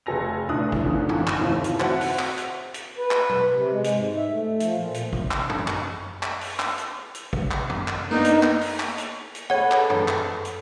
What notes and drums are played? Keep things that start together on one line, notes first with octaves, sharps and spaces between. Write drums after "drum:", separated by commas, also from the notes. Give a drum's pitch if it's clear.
F1 G#4 A4 G#5 A#6 F7
F1 D2 A2 D4 D#6 F#6
drum: kick
E2 D3 D#3 F3
drum: tom
drum: clap
D#2 A2 C3 E3 F3
drum: hi-hat
C4 F#4 E5 F#5, drum: clap
drum: open hi-hat
drum: clap
drum: hi-hat
drum: hi-hat
B4
drum: clap
drum: tom B2
C3
G#3
drum: hi-hat
G#2
E5
A3
F3, drum: hi-hat
A#2
drum: hi-hat
drum: kick
drum: clap
drum: tom
drum: clap
drum: clap
drum: open hi-hat
drum: clap
drum: hi-hat
drum: hi-hat
drum: kick
drum: clap
drum: tom
drum: clap
A#3 B3 D4 D#4
drum: hi-hat
drum: clap
drum: open hi-hat
drum: clap
drum: hi-hat
drum: hi-hat
G#4 A4 B4 C#5 F#5
drum: clap
drum: tom
drum: clap
drum: hi-hat